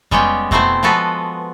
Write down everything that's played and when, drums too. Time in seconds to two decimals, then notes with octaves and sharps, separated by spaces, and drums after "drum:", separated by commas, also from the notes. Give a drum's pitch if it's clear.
0.11 G3 G#3 B3 C#4 G5, drum: kick F2
0.51 B2 A3 B3 C4 E4 C5, drum: kick F2
0.83 F3 G#3 B3 F#4 A4 B4